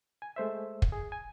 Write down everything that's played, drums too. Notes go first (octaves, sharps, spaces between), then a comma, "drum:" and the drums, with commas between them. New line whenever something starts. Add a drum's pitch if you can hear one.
G#5
G#3 A3 C5 E5
drum: kick
G#4
G#5